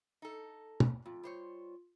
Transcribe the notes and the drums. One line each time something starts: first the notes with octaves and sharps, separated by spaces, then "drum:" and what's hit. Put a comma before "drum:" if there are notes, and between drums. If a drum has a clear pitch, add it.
D#4 A4
drum: tom
F2 F4
G3 C5 C#5